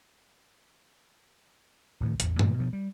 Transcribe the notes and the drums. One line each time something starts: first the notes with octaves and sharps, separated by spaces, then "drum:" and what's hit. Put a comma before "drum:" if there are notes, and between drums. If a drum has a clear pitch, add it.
D1 A2 D#3
A1 E2, drum: hi-hat
A#2 D3 E3 F#3, drum: tom G2
B2 F3
G3